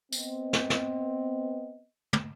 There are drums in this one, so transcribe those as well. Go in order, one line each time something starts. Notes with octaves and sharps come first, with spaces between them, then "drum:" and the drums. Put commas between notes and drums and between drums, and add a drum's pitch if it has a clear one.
B3 C4 D#5, drum: tambourine
drum: snare
drum: snare
drum: tom